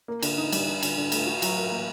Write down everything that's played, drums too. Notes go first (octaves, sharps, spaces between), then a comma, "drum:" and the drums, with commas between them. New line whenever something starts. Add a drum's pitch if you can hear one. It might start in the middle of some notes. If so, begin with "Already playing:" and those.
A#3
D3, drum: cymbal
D#4
G3, drum: cymbal
D4
D3, drum: cymbal
D3
A3, drum: cymbal
F#4
F#3, drum: cymbal
A#4
A#3